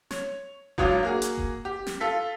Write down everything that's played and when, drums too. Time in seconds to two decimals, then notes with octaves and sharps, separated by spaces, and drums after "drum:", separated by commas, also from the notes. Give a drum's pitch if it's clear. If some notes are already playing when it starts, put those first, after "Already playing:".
0.11 C#5, drum: snare
0.78 C#2 F#3 D4 F4 C#5 D#6, drum: kick F1
1.03 A#3 F#4 G#4
1.22 drum: hi-hat
1.38 drum: kick F1
1.65 G4
1.87 drum: snare
2.00 F4 A4 B6